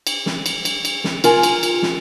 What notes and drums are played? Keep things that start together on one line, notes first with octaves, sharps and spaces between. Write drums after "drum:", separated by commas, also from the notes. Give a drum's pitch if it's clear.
drum: cymbal
drum: snare
drum: cymbal
drum: cymbal
drum: cymbal
drum: snare
F4 A#4 G#5, drum: cymbal
drum: cymbal
drum: cymbal
drum: snare